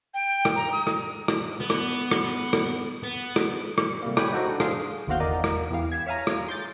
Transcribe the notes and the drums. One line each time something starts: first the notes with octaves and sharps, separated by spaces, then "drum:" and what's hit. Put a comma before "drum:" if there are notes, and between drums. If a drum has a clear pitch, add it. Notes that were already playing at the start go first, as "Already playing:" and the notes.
G5
drum: rim click
A#5
D#6
drum: rim click
drum: rim click
B3
drum: rim click
drum: rim click
drum: rim click
B3
drum: rim click
drum: rim click
C3 G3 A#3
B4 C#5 G5 G#5 B5 C#6, drum: rim click
D#4 F#4 A4 C5
D4
G#4 F5 C6, drum: rim click
G1 D#2 C4 F#4 F5 G6
E2 A#4 D5 D#5
drum: rim click
E2 E3 G4 F5
G#6 B6 E7
C#5 E5 F5 G#5 A#5
drum: rim click
C6 G6 A6